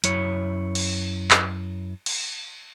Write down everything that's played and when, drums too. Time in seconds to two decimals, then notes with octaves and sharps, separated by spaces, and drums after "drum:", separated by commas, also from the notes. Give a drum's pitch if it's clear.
0.04 F#2 E4 C#5, drum: hi-hat
0.75 drum: cymbal
1.31 drum: clap
2.06 drum: cymbal